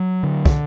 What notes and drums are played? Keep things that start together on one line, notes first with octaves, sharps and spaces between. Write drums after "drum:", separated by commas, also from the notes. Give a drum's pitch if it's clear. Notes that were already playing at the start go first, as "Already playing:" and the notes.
Already playing: F#3
D3
drum: kick